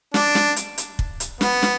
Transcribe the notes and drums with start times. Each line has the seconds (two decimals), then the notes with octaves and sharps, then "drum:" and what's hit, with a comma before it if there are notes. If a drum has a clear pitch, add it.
0.14 D4, drum: snare
0.35 drum: snare
0.56 drum: hi-hat
0.78 drum: hi-hat
0.99 drum: kick
1.20 drum: hi-hat
1.41 B3, drum: snare
1.63 drum: snare